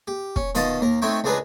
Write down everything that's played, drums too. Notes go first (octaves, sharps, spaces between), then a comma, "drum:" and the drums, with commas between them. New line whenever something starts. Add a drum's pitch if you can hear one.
G4
C#4, drum: kick
B2 D#3 F4 D#5 A5, drum: hi-hat
D#2 A#4
A3 C4 D#4 C#5 E5 G5
C#2 G#3 D4 G#4 A#4 B4